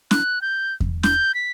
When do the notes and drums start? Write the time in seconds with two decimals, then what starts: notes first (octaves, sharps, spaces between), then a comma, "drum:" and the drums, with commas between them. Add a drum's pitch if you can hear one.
0.11 F#6, drum: snare
0.42 G6
0.80 drum: kick E2
1.03 G6, drum: snare
1.35 B6